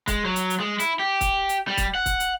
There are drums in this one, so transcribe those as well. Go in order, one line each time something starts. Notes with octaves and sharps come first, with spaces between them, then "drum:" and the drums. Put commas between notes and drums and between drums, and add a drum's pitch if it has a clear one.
G#3, drum: kick, hi-hat
F#3
drum: hi-hat
drum: hi-hat
G#3
E4, drum: hi-hat
G4
drum: kick, hi-hat
drum: hi-hat
G3
drum: kick, hi-hat
F#5
drum: kick, hi-hat
drum: hi-hat